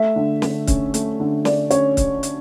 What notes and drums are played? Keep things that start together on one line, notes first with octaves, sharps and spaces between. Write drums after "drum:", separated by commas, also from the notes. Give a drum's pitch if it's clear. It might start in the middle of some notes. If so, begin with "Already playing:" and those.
Already playing: A3 E5
D3
D3, drum: snare
C#4, drum: kick C#1, hi-hat
A3, drum: hi-hat
D3
D3 D5, drum: snare
C#4 C#5, drum: hi-hat
drum: kick C#1, hi-hat
drum: hi-hat